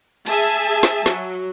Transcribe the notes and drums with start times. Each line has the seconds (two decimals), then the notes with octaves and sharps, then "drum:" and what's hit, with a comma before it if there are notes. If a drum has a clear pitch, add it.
0.26 G#4 E5 G#5 A5, drum: cymbal
0.83 drum: snare
1.06 F#3, drum: snare